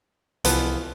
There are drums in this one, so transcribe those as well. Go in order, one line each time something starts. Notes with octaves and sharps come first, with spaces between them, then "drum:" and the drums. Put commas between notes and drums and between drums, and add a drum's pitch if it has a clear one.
C2 E3 F3 B3, drum: hi-hat